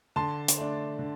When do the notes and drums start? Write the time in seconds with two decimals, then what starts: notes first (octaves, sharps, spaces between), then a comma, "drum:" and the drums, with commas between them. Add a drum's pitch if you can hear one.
0.16 D3 A5 C6
0.48 drum: hi-hat
0.58 A3 D4
0.99 D3